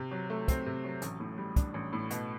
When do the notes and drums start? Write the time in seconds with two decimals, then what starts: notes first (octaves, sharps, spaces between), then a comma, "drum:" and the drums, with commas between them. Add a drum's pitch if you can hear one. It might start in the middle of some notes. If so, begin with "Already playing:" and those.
Already playing: C3
0.11 F#3
0.30 A3
0.48 C4, drum: kick, hi-hat
0.66 C3
0.84 F#3
1.02 A1, drum: hi-hat
1.20 A2
1.38 G3
1.56 D4, drum: kick, hi-hat
1.74 A1
1.93 A2
2.10 B2, drum: hi-hat